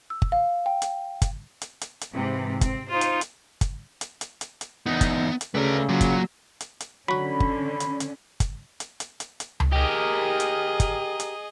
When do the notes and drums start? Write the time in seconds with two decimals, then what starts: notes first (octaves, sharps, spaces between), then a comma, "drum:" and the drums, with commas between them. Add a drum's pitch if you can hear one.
0.10 E6
0.22 drum: kick G1
0.32 F5
0.66 G5
0.82 drum: hi-hat
1.22 drum: kick G1, hi-hat
1.62 drum: hi-hat
1.81 drum: hi-hat
2.01 drum: hi-hat
2.13 G#2 C3 E3
2.61 C4, drum: kick G1, hi-hat
2.90 D#4 F4 C5
3.01 drum: hi-hat
3.21 drum: hi-hat
3.61 drum: kick G1, hi-hat
4.01 drum: hi-hat
4.21 drum: hi-hat
4.41 drum: hi-hat
4.61 drum: hi-hat
4.86 E2 B3 D#4
5.01 drum: kick G1, hi-hat
5.41 drum: hi-hat
5.55 C#3 A3 B4 D5 A#5
5.89 F#3 A#3 F4
6.01 drum: kick G1, hi-hat
6.61 drum: hi-hat
6.80 drum: hi-hat
7.08 D3 F#3 C#4 F#4 B5
7.40 drum: kick G1
7.80 drum: hi-hat
8.00 drum: hi-hat
8.40 drum: kick G1, hi-hat
8.80 drum: hi-hat
9.00 drum: hi-hat
9.20 drum: hi-hat
9.40 drum: hi-hat
9.60 drum: tom C#2
9.73 G4 G#4 A#4 D#5
10.40 drum: hi-hat
10.80 drum: kick G1, hi-hat
11.20 drum: hi-hat